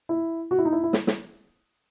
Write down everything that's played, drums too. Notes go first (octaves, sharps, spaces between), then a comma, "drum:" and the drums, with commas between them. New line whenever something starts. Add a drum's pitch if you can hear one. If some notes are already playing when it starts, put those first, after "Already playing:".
E4
F#4
E4
D#4
E4
E4
drum: snare
drum: snare